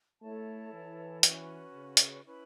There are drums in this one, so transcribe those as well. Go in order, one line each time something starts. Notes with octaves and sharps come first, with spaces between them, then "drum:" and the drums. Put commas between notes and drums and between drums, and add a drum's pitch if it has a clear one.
A3 E4 A4 C#5 A5
E3
C#4 F#4 B4, drum: hi-hat
C#3
drum: hi-hat
C#4 E4 B4